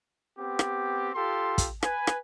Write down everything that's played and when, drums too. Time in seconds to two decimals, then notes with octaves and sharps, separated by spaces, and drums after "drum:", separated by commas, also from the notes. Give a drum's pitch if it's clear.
0.38 B3 C4 G4
0.59 drum: rim click
1.15 F4 G4 A4 C6
1.58 drum: kick, hi-hat
1.83 B4 G#5, drum: rim click
2.07 drum: rim click